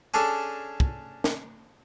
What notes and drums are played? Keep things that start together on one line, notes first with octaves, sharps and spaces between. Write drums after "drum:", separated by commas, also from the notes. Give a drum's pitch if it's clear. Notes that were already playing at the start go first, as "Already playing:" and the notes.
C#4 D4 G#4 A4
drum: kick
drum: snare